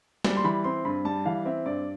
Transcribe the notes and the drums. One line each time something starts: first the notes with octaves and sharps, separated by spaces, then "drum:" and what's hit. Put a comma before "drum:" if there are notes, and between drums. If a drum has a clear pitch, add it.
G3, drum: snare
C6
E3 B5
C4 C6
G2 B5
G3 A5
E3 F5
C4 E5
G2 D5